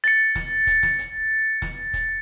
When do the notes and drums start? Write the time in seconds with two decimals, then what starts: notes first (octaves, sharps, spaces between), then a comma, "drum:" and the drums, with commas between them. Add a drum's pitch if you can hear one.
0.04 A6 C#7, drum: hi-hat
0.35 drum: snare
0.67 drum: kick, hi-hat
0.83 drum: snare
0.99 drum: hi-hat
1.62 drum: snare
1.94 drum: kick, hi-hat